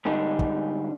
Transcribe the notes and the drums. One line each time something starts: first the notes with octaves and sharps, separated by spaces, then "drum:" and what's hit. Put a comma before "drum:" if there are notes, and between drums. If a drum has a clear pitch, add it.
G#2 D3 G3 D4 D#4
drum: kick